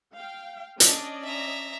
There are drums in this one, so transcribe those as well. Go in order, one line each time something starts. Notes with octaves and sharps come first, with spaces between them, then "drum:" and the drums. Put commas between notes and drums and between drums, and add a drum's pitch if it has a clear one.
F5 G5
C#4 D4 D5 D#5, drum: hi-hat
E5 A#5